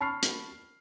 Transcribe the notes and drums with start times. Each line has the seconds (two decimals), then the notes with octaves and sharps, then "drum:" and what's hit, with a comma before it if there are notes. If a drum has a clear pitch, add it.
0.01 A5 B5 C#6 F6 C7
0.23 drum: hi-hat